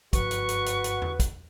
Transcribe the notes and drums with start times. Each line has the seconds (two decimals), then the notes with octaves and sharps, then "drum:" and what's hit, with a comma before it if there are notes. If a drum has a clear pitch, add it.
0.13 F#1 G2 F3 F#4 B4 C#6, drum: kick, hi-hat
0.31 drum: hi-hat
0.49 drum: hi-hat
0.66 drum: hi-hat
0.84 drum: hi-hat
1.02 drum: tom E2
1.20 drum: kick, hi-hat